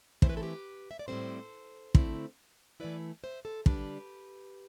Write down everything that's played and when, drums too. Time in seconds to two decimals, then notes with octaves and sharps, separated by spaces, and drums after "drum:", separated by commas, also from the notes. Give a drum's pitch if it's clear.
0.22 E3 A3 C4 E4 C5, drum: kick
0.29 B4
0.37 A4
0.43 G4 B4
0.91 E5
0.99 D5
1.08 A2 G3 C4 A4 C5
1.95 D3 A3 C4 E4, drum: kick
2.80 E3 A3 E4 B4 D5
3.24 C5 E5
3.45 A4 C5
3.66 D3 G3 D4 G4 B4, drum: kick